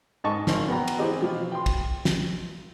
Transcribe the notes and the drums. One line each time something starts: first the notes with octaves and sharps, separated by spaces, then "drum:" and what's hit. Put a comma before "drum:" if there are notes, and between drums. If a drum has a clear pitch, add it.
G#2 D#5 A5 C#6
G#1, drum: snare
B3 F#4 G5 A#5
drum: cymbal
E3 C4 G4 G#4 D#5
B2 F3
G5 C6
drum: kick, cymbal
drum: snare